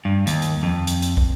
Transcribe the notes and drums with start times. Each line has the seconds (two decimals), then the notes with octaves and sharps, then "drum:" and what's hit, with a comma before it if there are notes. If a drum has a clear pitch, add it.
0.05 G2
0.27 D#2, drum: hi-hat
0.42 drum: hi-hat
0.63 F2
0.87 drum: hi-hat
1.02 drum: hi-hat
1.17 drum: kick